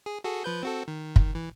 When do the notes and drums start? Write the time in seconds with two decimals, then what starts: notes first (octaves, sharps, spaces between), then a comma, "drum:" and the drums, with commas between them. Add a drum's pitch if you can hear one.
0.06 G#4
0.24 F#4 G#4 A4
0.44 F3 B4 G6
0.63 C4 F#4 A4
0.88 D#3
1.16 drum: kick F#1
1.35 E3